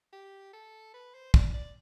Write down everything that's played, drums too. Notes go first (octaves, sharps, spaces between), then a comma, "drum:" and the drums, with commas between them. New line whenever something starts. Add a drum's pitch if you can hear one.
G4
A4
B4
C5
D5, drum: kick
D5